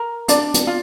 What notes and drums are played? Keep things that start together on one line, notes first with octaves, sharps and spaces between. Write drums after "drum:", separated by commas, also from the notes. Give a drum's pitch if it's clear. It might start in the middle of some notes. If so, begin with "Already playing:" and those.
Already playing: A#4
D4 D5, drum: hi-hat
drum: hi-hat
F4